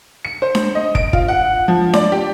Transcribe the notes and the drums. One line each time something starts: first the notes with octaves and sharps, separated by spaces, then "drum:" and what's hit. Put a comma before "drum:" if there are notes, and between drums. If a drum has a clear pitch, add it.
C#7
C5
drum: snare D4
D#5
D7, drum: kick
F4, drum: kick
F#5
F3
D5, drum: snare D4
G4